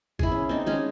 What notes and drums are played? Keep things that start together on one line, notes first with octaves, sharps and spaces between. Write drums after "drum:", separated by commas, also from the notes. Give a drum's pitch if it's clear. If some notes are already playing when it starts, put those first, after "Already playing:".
E4 G#4, drum: kick G#1
C#4
C4 D4 D#4
G#3 C#4 G#4